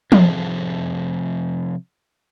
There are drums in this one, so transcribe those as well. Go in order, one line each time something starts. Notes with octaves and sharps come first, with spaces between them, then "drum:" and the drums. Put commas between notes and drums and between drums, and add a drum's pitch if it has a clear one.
C3 F3 G#4 A4, drum: tom